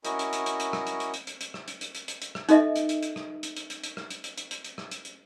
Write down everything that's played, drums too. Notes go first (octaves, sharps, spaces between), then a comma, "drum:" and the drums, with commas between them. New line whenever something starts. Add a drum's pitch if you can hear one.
C#4 E4 F#4 A#4 D#5, drum: hi-hat
drum: hi-hat
drum: hi-hat
drum: hi-hat
drum: hi-hat
drum: rim click
drum: hi-hat
drum: hi-hat
drum: hi-hat
drum: hi-hat
drum: hi-hat
drum: rim click
drum: hi-hat
drum: hi-hat
drum: hi-hat
drum: hi-hat
drum: hi-hat
drum: rim click
D#4 A4 D#5 E5, drum: hi-hat
drum: hi-hat
drum: hi-hat
drum: hi-hat
drum: rim click
drum: hi-hat
drum: hi-hat
drum: hi-hat
drum: hi-hat
drum: rim click
drum: hi-hat
drum: hi-hat
drum: hi-hat
drum: hi-hat
drum: hi-hat
drum: rim click
drum: hi-hat
drum: hi-hat